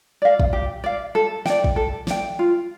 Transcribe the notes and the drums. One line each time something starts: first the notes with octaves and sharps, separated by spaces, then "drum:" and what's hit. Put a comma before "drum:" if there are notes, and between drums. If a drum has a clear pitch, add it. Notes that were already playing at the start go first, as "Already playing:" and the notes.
D5 F5
drum: kick
G4
D5 F5
A4
D5 G5, drum: snare
drum: kick
A4
D5 G5, drum: snare
F4